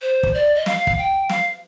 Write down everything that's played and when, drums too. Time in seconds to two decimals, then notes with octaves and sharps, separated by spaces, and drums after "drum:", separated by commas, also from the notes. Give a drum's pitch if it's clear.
0.02 C5
0.23 drum: kick
0.34 D5
0.55 D#5
0.66 F5, drum: snare
0.87 drum: kick
0.98 G5
1.30 F5, drum: snare